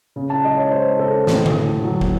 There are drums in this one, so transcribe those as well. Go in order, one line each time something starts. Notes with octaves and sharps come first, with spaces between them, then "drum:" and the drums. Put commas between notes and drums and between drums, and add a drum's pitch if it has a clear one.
C#3
A5
G#3 D#5
C#5
G#3 C5
C#3 A4
A2, drum: snare
drum: tom D3
A2
F#3
drum: kick